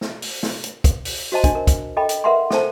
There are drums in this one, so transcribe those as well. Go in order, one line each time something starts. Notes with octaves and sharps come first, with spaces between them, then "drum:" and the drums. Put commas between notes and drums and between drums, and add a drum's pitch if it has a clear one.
drum: snare
drum: open hi-hat
drum: snare
drum: hi-hat
drum: kick, hi-hat
drum: open hi-hat
F#4 C5 D#5 A5
D4, drum: kick, hi-hat
A#4
drum: kick, hi-hat
A4 D#5 G5 B5
drum: hi-hat
A#4 B4 E5 F#5 B5 C6
A4 C5 A5, drum: snare